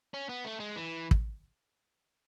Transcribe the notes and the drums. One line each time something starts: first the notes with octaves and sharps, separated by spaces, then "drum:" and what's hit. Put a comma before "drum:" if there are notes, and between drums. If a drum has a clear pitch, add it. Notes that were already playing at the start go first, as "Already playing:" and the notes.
C#4
B3
A3
G#3
E3
drum: kick